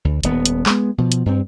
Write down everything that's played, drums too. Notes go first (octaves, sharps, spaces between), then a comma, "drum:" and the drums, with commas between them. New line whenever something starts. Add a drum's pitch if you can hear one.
D2
D#1 B3, drum: hi-hat
drum: hi-hat
G#3 B3, drum: clap
B2 F3
drum: hi-hat
G2 C4